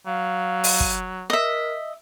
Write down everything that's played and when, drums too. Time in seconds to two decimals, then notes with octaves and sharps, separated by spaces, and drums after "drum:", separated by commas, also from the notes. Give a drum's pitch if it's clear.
0.07 F#3 F5
0.64 drum: open hi-hat
0.80 drum: kick
1.30 A#4 D#5 E5